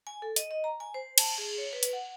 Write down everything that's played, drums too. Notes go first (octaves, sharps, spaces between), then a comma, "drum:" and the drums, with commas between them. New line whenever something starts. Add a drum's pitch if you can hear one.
G#5
A4
D#5, drum: hi-hat
D#5
A#5
G#5
C5
A5, drum: cymbal
G#4
C#5
B4
drum: hi-hat
F#5